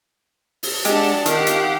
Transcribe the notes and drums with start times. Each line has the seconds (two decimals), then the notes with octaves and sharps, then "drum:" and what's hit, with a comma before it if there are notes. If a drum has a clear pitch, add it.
0.63 drum: open hi-hat
0.85 G#3 D4 G4 F#5 A5, drum: hi-hat
1.26 D#3 G4 F5 F#5, drum: hi-hat
1.47 drum: hi-hat